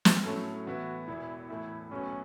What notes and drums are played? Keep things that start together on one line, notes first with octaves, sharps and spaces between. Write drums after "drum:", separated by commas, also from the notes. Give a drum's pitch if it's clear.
drum: snare
A2 F#3 A3 C#4 A4
A2 E3 B3 E4 F#4
E1 E2 E3 E4
A2 E3 A3 E4
B1 A2 F#3 B3 C#4